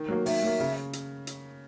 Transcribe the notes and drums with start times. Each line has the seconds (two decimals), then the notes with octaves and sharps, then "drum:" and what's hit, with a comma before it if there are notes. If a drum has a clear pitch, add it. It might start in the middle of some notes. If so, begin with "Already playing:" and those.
Already playing: D#3
0.08 F#3 A#3
0.26 D#3 E5, drum: open hi-hat
0.42 F#3 A#3
0.60 C#3
0.93 drum: hi-hat
1.27 drum: hi-hat